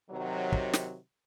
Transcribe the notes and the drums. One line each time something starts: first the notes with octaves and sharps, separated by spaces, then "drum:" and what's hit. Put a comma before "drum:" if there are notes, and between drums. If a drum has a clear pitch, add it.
C3 D#3 F#3
drum: kick
drum: snare